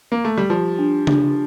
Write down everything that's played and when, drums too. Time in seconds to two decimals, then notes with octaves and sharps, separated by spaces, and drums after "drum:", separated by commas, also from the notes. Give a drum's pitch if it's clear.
0.12 A#3
0.25 A3
0.38 G3
0.50 F3 G4
0.79 D4
1.07 D4, drum: tom C#3